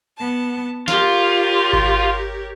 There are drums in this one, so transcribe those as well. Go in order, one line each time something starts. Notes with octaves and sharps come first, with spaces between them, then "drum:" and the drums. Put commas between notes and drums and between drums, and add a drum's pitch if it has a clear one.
B3 A5
F4 G4 A#4 C#5, drum: snare
drum: kick G#1